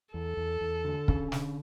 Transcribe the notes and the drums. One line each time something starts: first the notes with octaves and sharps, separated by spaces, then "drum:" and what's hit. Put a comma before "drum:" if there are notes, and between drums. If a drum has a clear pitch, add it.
E2 A4
E2
E2
D3
C#4, drum: kick
D3, drum: snare